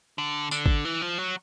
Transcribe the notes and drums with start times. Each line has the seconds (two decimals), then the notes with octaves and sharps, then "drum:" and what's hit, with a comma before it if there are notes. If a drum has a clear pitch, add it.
0.18 D3
0.51 D3, drum: tambourine
0.66 drum: kick G#1
0.85 E3
1.02 F3
1.18 F#3